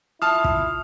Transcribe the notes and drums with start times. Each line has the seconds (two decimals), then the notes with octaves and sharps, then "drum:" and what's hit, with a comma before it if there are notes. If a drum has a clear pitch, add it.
0.22 E4 F4 A5 D#6 F6
0.44 drum: kick